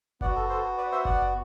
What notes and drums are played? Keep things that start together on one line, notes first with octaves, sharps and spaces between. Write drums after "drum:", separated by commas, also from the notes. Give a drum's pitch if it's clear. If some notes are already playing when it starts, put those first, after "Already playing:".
B3 F#4 D5 F#5, drum: kick F#1
A4
A4 C5
B4 D5
C5 E5
D5 F#5, drum: kick F#1